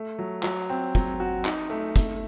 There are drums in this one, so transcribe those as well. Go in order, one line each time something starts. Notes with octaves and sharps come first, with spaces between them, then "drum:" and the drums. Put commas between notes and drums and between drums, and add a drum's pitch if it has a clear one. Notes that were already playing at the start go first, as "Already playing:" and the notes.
Already playing: A3
F#3
F#3, drum: clap
C4
F#3, drum: kick
F#4
D#4, drum: clap
A3
A3, drum: kick, hi-hat